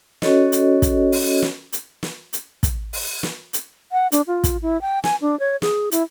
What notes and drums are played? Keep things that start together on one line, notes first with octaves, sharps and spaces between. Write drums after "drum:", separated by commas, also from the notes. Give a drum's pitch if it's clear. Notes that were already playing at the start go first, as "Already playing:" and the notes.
C#4 F#4 A4 C#5 D#5, drum: snare
drum: hi-hat
drum: kick, hi-hat
drum: open hi-hat
drum: snare
drum: hi-hat
drum: snare
drum: hi-hat
drum: kick, hi-hat
drum: open hi-hat
drum: snare
drum: hi-hat
F#5
D4, drum: hi-hat
F4
drum: kick, hi-hat
E4
G5
G#5, drum: snare
D4
C#5
G#4, drum: snare
E4, drum: hi-hat